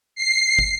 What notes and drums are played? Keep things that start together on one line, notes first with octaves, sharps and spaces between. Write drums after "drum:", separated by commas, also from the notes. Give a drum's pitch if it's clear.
C7
drum: kick